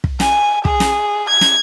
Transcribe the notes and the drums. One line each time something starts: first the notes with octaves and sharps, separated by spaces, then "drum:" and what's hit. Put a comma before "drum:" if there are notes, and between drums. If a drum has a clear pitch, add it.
drum: kick
G#5, drum: snare
G#4, drum: kick
drum: snare
G#6
drum: snare